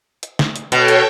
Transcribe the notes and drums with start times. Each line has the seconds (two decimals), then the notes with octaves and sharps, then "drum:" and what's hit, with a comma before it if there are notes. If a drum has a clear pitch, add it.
0.23 drum: hi-hat
0.39 drum: snare
0.56 drum: hi-hat
0.72 B2 A4 C#5 G5, drum: hi-hat
0.88 drum: hi-hat